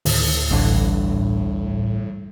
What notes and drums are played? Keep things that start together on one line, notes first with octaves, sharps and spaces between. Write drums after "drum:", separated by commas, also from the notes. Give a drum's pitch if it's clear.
D2 A2 D#3, drum: open hi-hat
A1 G2 D3 E3